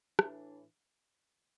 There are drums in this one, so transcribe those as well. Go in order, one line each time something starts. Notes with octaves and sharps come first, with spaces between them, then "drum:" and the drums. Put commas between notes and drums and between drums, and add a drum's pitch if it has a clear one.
A2 E3 D4, drum: rim click